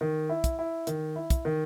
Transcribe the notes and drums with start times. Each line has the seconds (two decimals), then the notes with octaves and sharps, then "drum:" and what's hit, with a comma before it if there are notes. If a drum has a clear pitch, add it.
0.01 D#3
0.29 E4
0.44 drum: kick, hi-hat
0.59 E4
0.87 D#3, drum: hi-hat
1.16 E4
1.30 drum: kick, hi-hat
1.45 D#3